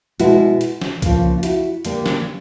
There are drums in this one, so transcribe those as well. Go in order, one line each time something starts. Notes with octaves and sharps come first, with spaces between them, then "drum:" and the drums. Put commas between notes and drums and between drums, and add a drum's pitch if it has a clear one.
B2 G#3 E4 F#4, drum: hi-hat
drum: hi-hat
drum: snare
C#3 F3 A#3, drum: kick C2, hi-hat
F4
E4 F#4, drum: hi-hat
D3 G3 A#3, drum: hi-hat
drum: snare